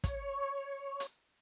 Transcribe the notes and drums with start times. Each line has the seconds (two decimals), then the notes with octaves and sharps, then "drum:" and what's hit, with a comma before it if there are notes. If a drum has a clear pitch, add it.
0.04 C#5, drum: kick, hi-hat
1.00 drum: hi-hat